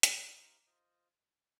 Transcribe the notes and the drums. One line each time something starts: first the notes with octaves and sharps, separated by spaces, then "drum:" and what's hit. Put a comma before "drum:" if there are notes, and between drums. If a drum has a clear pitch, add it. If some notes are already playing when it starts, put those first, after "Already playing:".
drum: hi-hat
D#4 G4 C5 F5
F4 C5 D#5